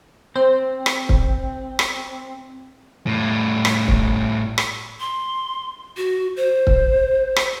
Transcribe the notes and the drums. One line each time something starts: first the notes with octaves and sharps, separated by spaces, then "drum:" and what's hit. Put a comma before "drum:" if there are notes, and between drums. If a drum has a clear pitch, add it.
C4 C5
drum: rim click
drum: kick C#1
drum: rim click
A2 G3
drum: rim click
drum: kick C#1
drum: rim click
C6
F#4
C5
drum: kick C#1
drum: rim click